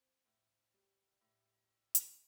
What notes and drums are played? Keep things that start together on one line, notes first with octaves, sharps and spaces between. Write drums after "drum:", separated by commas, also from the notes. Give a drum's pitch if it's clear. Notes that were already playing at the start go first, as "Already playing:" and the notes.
Already playing: C4
A2
G3
A2
drum: hi-hat